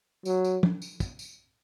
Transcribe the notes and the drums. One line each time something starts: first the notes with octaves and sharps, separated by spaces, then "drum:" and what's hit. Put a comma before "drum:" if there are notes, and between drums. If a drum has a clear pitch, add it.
F#3, drum: tambourine
drum: tambourine
drum: tom
drum: tambourine
drum: kick, tambourine
drum: tambourine